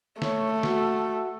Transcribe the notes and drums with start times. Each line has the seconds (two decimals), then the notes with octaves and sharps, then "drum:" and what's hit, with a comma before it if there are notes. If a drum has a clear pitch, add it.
0.22 A3 C#5, drum: snare
0.63 F#4, drum: snare